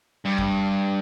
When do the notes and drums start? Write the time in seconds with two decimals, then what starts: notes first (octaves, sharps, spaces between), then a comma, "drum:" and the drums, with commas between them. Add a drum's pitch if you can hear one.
0.25 G2
0.38 drum: kick F2